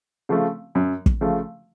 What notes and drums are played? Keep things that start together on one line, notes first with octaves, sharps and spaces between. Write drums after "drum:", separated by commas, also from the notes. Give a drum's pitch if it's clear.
C#3 F3 A3
F#2
drum: kick
C#3 F3 A3